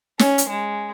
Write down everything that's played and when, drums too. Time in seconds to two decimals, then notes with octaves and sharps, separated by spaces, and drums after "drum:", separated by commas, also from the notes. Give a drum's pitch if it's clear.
0.19 C#4, drum: snare
0.38 drum: hi-hat
0.49 G#3